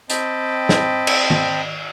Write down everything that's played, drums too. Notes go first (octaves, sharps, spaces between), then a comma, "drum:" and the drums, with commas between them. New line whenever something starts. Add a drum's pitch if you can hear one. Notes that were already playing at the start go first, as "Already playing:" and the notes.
C4 D#5 G5 A5 B5, drum: hi-hat
drum: snare
drum: cymbal
drum: tom D#3